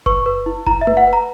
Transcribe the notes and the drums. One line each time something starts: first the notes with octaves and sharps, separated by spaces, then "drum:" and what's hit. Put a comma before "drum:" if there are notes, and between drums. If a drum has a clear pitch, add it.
B4 C#6, drum: kick F#1
B4
E4
E4 A#5, drum: kick F#1
E5
B4, drum: tom A3
F#5
B4
A#5